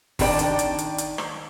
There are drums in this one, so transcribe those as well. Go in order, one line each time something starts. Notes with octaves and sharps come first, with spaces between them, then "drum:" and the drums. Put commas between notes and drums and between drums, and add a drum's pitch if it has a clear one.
D#3 D4 F#4 B4 D5 G5, drum: kick G1, open hi-hat
drum: hi-hat
drum: hi-hat
drum: hi-hat
drum: hi-hat
drum: rim click